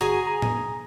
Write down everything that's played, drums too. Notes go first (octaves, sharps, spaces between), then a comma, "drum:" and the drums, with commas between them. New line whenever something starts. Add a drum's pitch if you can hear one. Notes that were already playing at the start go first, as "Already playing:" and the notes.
G1 F#4 G#4 G#5 A#5
A#5
drum: tom A2